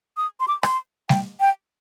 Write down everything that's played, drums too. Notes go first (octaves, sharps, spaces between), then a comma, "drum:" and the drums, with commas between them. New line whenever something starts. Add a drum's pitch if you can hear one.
D#6
C6
D6
C6, drum: rim click
G5, drum: snare G3
G5